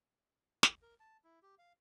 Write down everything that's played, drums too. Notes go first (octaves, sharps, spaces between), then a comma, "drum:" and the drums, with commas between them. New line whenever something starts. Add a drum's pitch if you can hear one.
drum: snare
A#4
A5
E4
G4
F5